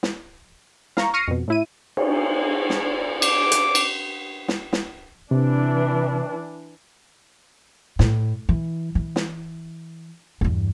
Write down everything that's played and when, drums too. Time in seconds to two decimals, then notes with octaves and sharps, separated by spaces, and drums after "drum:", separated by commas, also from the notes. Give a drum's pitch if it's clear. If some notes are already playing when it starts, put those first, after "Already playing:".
0.03 drum: snare
0.97 F5 A#5 C#6, drum: snare
1.14 C#6 F6 A#6 C7 C#7 D#7
1.28 F2 B2
1.48 A2 E4 D#7
1.97 drum: cymbal
2.70 drum: snare
3.22 D6, drum: cymbal
3.52 drum: hi-hat
3.75 drum: cymbal
4.48 drum: snare
4.73 drum: snare
5.31 C3 E3 D4
7.99 A2, drum: snare
8.49 E3
8.95 E3
9.16 drum: snare
10.41 E2 G2